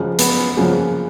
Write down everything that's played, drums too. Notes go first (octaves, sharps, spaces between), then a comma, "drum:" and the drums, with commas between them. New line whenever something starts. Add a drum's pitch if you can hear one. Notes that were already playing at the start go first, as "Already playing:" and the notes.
Already playing: F#2 C#3 F3 G#3 C#4
B3, drum: hi-hat
F#2 C#3 F3 A#3